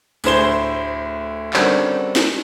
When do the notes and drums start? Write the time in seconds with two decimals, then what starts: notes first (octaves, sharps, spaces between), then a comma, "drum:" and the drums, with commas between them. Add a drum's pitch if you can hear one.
0.24 D2 A2 G#4 C5 E7 G7, drum: tambourine
1.53 D3 D#3 G3 C4 C#4 F#4, drum: clap
2.16 drum: snare